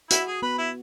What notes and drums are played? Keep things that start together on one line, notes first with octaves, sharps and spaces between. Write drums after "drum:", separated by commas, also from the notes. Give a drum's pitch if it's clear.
E4 F#4, drum: hi-hat
G#4
B3 B4
E4